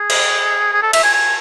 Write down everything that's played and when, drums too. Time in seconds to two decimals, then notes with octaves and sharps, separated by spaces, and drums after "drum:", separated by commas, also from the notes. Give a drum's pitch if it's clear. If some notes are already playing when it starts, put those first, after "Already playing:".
Already playing: G#4
0.10 drum: cymbal
0.73 G#4
0.83 A4
0.93 E5, drum: cymbal
1.04 G#5
1.14 G#5